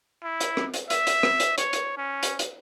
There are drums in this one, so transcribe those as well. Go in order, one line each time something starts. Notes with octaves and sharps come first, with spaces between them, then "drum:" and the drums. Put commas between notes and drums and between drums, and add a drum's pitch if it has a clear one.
E4
drum: hi-hat
drum: rim click
drum: hi-hat
E5, drum: hi-hat
drum: hi-hat
drum: rim click
drum: hi-hat
C#5, drum: hi-hat
drum: hi-hat
C#4
drum: hi-hat
drum: hi-hat